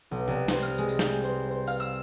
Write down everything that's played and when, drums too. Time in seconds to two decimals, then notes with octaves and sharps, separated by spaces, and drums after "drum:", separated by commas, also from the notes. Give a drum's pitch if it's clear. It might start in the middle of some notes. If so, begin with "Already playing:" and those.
0.11 B1
0.27 C2
0.48 C5, drum: snare
0.63 F6, drum: tambourine
0.78 G#3, drum: tambourine
0.89 drum: tambourine
0.99 G6, drum: snare
1.24 C5
1.50 C5
1.67 F5, drum: tambourine
1.80 E6, drum: tambourine